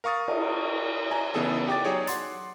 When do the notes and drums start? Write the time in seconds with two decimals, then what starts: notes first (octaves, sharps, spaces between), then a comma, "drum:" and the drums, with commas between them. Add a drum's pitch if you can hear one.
0.04 A#4 F5 C#6 D#6 A6
0.28 drum: cymbal
1.11 G#5 A#5
1.34 C#3 E3 B3 D#4 G#4 A4
1.68 G4 G5 D6 A6
1.84 F#3 D#4 G#4 C#5 D5
2.07 F#5 C6 A6, drum: hi-hat